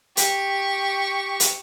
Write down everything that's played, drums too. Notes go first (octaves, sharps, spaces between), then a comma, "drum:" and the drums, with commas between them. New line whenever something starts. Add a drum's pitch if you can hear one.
G4 C#6, drum: hi-hat
drum: hi-hat